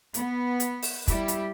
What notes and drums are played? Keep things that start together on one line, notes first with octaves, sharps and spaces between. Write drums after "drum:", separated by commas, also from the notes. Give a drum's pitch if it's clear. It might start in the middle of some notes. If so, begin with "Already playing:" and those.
B3, drum: hi-hat
drum: hi-hat
drum: open hi-hat
G3 E4 G4, drum: kick, hi-hat
drum: hi-hat